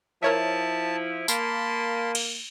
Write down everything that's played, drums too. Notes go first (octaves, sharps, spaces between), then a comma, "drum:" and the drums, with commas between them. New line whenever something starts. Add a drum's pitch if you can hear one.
F3 E4 A#4 C#5 E5 A5
A#3 A5 B5 C6, drum: tambourine
drum: cymbal